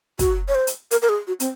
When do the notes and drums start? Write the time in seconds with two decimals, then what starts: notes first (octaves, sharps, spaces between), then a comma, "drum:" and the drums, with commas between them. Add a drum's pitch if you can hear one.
0.19 F#4, drum: kick, hi-hat
0.48 C#5
0.55 C5
0.67 drum: hi-hat
0.91 A#4, drum: hi-hat
1.02 A#4
1.09 G#4
1.27 F#4
1.40 C4, drum: hi-hat